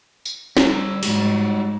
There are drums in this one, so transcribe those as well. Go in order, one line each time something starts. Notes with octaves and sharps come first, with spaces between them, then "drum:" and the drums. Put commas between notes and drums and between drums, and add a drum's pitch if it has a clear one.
drum: tambourine
G3 A#5, drum: snare
G#2 G3 F#4 G4, drum: open hi-hat